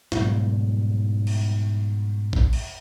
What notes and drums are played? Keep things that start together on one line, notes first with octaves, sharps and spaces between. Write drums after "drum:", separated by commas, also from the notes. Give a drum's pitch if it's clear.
G#2 B2 F#3 G3, drum: snare
drum: cymbal
drum: kick A1
drum: cymbal